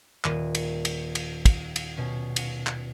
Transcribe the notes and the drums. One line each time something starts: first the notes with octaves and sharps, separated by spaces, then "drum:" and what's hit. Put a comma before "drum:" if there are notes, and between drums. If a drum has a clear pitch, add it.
D#1 D#7, drum: clap
drum: cymbal
drum: cymbal
drum: cymbal
drum: kick, cymbal
drum: cymbal
B2 C#4
drum: cymbal
drum: clap